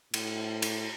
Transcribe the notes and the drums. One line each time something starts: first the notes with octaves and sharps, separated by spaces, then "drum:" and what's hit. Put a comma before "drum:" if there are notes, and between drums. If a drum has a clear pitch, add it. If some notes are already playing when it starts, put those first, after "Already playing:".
A2, drum: cymbal
drum: cymbal